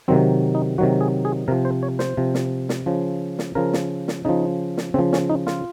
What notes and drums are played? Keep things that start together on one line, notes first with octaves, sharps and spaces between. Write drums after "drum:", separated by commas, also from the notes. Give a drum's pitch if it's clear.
C3 D#3 F#3 C4
D#4
C3 D#3 F#3 F#4
G#4
G#4
C3 F3 A#4
C5
C#5
C5, drum: snare
C3 F3
drum: snare
drum: snare
C#3 F3
drum: snare
C#3 F3 A#4
drum: snare
drum: snare
C#3 F3 D#4
drum: snare
C#3 F3 C4
C#4, drum: snare
D#4
F4, drum: snare